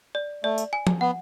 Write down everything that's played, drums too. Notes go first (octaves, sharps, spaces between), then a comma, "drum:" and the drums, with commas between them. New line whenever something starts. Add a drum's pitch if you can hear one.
D5
A3 D5
drum: tambourine
G#5
drum: tom F3
B3 F#5